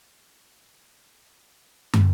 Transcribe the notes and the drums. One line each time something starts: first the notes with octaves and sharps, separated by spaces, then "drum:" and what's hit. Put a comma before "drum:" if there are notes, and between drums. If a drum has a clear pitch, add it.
G2
A2
A#2
C#3
D3
D3
E3
drum: tom